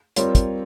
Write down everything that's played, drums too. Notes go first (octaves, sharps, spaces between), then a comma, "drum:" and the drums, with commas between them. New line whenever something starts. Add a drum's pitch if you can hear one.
G3 C4 F4 A#4 C#5, drum: hi-hat
drum: kick, hi-hat